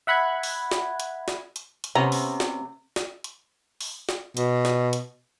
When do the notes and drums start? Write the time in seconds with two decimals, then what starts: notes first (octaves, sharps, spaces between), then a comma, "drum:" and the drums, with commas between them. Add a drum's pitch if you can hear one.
0.07 E5 F#5 B5 F#6 G#6
0.43 drum: open hi-hat
0.71 drum: snare
1.00 drum: hi-hat
1.28 drum: snare
1.56 drum: hi-hat
1.84 drum: hi-hat
1.95 C3 B3 C#4 A#5
2.12 drum: open hi-hat
2.40 drum: snare
2.96 drum: snare
3.24 drum: hi-hat
3.81 drum: open hi-hat
4.09 drum: snare
4.37 B2, drum: hi-hat
4.65 drum: snare
4.93 drum: hi-hat